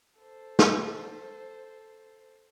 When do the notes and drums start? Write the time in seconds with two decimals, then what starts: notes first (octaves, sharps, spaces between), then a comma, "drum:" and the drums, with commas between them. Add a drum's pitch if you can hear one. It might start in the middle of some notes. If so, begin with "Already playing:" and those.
0.20 A4 C5
0.59 drum: snare